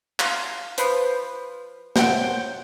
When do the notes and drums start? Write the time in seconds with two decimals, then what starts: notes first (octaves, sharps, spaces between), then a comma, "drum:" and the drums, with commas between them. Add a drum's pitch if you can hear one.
0.20 F4, drum: clap
0.78 F3 B4 C5, drum: hi-hat
1.96 C5 C#5 F#5 G5, drum: snare